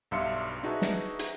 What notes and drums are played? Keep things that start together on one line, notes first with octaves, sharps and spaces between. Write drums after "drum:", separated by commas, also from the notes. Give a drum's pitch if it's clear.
B1 G2 E5 F5 C6 C#7
D4 D#4 F#4 G#4 B4 E5
drum: snare
drum: hi-hat